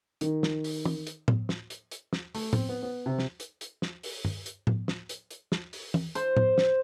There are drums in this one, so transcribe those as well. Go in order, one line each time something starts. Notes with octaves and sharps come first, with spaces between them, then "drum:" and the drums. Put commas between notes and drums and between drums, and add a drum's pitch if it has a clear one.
D#3, drum: hi-hat
drum: snare
drum: open hi-hat
drum: tom
drum: hi-hat
drum: tom A2
drum: snare
drum: hi-hat
drum: hi-hat
drum: snare
A3, drum: open hi-hat
C4, drum: tom A2
B3
B3
C3
drum: snare
drum: hi-hat
drum: hi-hat
drum: snare
drum: open hi-hat
drum: tom G2
drum: hi-hat
drum: tom A2
drum: snare
drum: hi-hat
drum: hi-hat
drum: snare
drum: open hi-hat
drum: tom E3
C5, drum: hi-hat
drum: tom A2
drum: snare